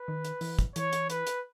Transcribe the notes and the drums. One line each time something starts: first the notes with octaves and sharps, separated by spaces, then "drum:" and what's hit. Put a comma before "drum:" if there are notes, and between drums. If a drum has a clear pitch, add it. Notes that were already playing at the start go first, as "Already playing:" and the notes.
Already playing: B4
D#3
drum: hi-hat
E3, drum: open hi-hat
drum: kick, hi-hat
E3 C#5, drum: hi-hat
drum: hi-hat
B4, drum: hi-hat
drum: hi-hat